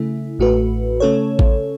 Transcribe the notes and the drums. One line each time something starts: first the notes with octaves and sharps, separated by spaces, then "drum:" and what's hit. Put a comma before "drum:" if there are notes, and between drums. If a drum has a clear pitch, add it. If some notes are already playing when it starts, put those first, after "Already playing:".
Already playing: C#3 A3 E4
A1 A2 A3 F#4 B4
C#3 A3 C#4 A4 C#5
drum: kick A1